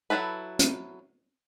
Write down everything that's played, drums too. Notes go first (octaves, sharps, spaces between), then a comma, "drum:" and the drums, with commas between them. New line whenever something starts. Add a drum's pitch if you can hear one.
F#3 A3 E4 A4 B4
drum: hi-hat